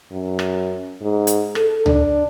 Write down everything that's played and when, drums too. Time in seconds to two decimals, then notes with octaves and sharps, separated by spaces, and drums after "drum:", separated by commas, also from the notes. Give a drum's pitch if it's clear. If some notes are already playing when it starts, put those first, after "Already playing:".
0.12 F#2
0.39 drum: rim click
1.01 G#2
1.27 drum: hi-hat
1.55 A4, drum: rim click
1.86 D4, drum: tom C#2